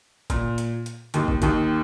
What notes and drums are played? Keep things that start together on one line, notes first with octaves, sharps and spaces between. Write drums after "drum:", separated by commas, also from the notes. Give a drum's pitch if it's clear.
A#2, drum: kick, hi-hat
drum: hi-hat
drum: hi-hat
D#2 D#3, drum: hi-hat
drum: kick
D#2 D#3, drum: kick, hi-hat